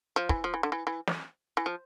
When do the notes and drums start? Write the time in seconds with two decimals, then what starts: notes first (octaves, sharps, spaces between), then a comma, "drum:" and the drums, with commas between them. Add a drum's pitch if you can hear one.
0.16 F3
0.29 E3, drum: kick
0.44 F3
0.54 E3
0.63 D3
0.72 E3
0.87 E3
1.07 drum: snare
1.57 E3
1.66 F3